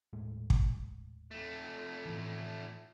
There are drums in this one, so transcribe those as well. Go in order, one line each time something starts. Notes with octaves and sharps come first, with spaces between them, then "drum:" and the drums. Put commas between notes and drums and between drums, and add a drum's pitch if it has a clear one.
D#1 A2 G#3
drum: kick
F2 A3
A2 E3